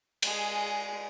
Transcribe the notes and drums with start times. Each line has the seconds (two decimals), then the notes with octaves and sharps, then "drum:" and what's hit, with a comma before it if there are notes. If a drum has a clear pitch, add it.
0.22 G#3 G#4, drum: cymbal